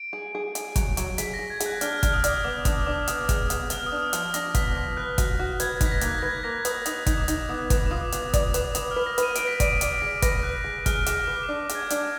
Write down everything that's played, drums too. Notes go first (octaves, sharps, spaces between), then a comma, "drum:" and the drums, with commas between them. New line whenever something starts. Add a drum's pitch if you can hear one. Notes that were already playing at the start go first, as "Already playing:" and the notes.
Already playing: D7
G#4
G#4
G#4, drum: hi-hat
F#3, drum: kick, hi-hat
F#3, drum: hi-hat
G#4 B6, drum: hi-hat
A#6
G#4
G#6
G#4, drum: hi-hat
F#6
D4 F6, drum: hi-hat
F6
D4, drum: kick, hi-hat
D#6
D5 D#6, drum: hi-hat
B3 D6
D4 D#6, drum: kick, hi-hat
D4 D6
B3 D#6, drum: hi-hat
G#4, drum: kick, hi-hat
B3, drum: hi-hat
B3 F6, drum: hi-hat
D#6
D4
D#6
F3 F6, drum: hi-hat
D4 A#6, drum: hi-hat
B3 B6, drum: kick, hi-hat
F3 B6
B4 F#6
F#4, drum: kick, hi-hat
F#4
B4 G#6, drum: hi-hat
G#6
D#4, drum: kick, hi-hat
B6
A#6
A#3, drum: hi-hat
F#6
A#6
B4 G#6
A#3 A#6
B4 D#6, drum: hi-hat
D#4 D#6, drum: hi-hat
D#4, drum: kick, hi-hat
D6
D#4, drum: hi-hat
B3 D#6
B4 D6, drum: kick, hi-hat
D6
F4 D#6
B3 D6, drum: hi-hat
D5 D#6, drum: kick, hi-hat
B4 D6, drum: hi-hat
B4 D#6, drum: hi-hat
F6
B4
A#6
B4 D#7, drum: hi-hat
B4 D7, drum: hi-hat
B6
D5 D7, drum: kick, hi-hat
D5, drum: hi-hat
D7
G#4 B6
B4 A#6, drum: kick, hi-hat
B4 F#6
G#4
G#4 F6, drum: kick, hi-hat
G#4 D6, drum: hi-hat
B4 D6
D6
D4
G#4, drum: hi-hat
G#6
D4, drum: hi-hat